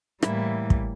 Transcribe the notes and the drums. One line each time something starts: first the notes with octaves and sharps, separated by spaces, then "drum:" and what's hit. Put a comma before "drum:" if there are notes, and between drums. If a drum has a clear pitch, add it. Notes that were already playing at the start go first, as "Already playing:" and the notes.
A2 E3 G3 A#3 E4, drum: rim click
drum: kick